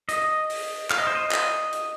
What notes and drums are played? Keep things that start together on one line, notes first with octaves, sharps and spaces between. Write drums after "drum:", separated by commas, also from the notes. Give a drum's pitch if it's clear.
D#5, drum: hi-hat
drum: open hi-hat
F5, drum: clap
D#5
C5
D#5
drum: clap
drum: hi-hat